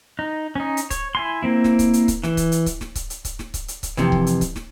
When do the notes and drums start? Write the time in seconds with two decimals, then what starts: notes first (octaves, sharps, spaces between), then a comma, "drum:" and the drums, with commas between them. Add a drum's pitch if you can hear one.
0.19 D#4
0.55 C#4 D#4
0.77 drum: hi-hat
0.90 C#5, drum: kick C#1, hi-hat
1.15 E4 G#5 C6
1.43 A#3 C4 E4
1.64 drum: snare
1.79 drum: kick C#1, hi-hat
1.93 drum: hi-hat
2.08 drum: kick C#1, hi-hat
2.24 E3, drum: snare
2.37 drum: kick C#1, hi-hat
2.52 drum: hi-hat
2.66 drum: kick C#1, hi-hat
2.81 drum: snare
2.95 drum: kick C#1, hi-hat
3.10 drum: hi-hat
3.25 drum: kick C#1, hi-hat
3.39 drum: snare
3.54 drum: kick C#1, hi-hat
3.68 drum: hi-hat
3.83 drum: kick C#1, hi-hat
3.97 F2 C3 E3, drum: snare
4.12 drum: kick C#1
4.27 drum: hi-hat
4.41 drum: kick C#1, hi-hat
4.56 drum: snare